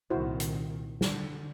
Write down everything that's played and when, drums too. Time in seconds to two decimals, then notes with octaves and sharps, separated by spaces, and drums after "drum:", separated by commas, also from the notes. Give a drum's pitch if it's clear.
0.10 C2 A#2 D#3 E4 F#4 C5
0.40 drum: hi-hat
1.01 D3, drum: snare